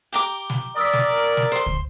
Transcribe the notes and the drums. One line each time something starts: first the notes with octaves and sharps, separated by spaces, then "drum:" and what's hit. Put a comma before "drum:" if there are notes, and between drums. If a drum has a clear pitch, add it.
G4 A#5 D6
drum: snare
A#4 D5 D#6 E6 B6
drum: snare
drum: snare
C5 C6
drum: kick